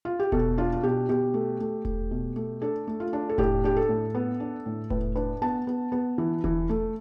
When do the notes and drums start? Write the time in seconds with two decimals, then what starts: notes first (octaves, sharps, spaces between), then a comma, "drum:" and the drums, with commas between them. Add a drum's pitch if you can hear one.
0.05 F4
0.20 G4
0.32 B2 A4, drum: kick E1
0.58 D4 F4
0.73 F4
0.83 B2 G4
1.09 B2 G4
1.34 A3
1.60 A3
1.85 A3, drum: kick E1
2.11 B2
2.36 A3
2.62 D4 A4
2.87 A3
3.00 F4
3.13 D4
3.29 A4
3.38 A2 G4, drum: kick E1
3.64 D4 G4
3.77 A4
3.89 A2
4.15 B3
4.40 D4
4.66 A2
4.90 A2 B4, drum: kick E1
5.16 D4 B4
5.42 B3 A5
5.67 B3
5.92 B3
6.18 E3
6.44 E3, drum: kick E1
6.69 A3